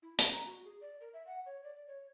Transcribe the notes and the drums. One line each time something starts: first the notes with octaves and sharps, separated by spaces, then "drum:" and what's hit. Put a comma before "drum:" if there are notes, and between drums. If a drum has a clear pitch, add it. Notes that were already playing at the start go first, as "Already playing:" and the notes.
E4
C#4, drum: hi-hat
A#5
F#4
G#4
D5
A#4
E5
F#5
C#5
D5
C#5